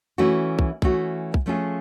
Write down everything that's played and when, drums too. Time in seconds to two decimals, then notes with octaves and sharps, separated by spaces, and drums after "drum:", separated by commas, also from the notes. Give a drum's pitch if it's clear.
0.18 E3 A3 C#4 F#4
0.59 drum: kick
0.82 E3 A3 C#4 F#4, drum: kick
1.34 drum: kick
1.46 F3 A3 C#4 F4 G#4